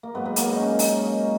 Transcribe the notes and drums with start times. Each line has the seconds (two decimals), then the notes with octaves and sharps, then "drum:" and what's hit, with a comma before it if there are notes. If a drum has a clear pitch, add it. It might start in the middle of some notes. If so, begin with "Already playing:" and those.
0.03 A#3
0.15 G#2 F#3 A#3 B3
0.25 B3
0.36 A#3, drum: hi-hat
0.52 D#4
0.57 C#4
0.79 D#4, drum: open hi-hat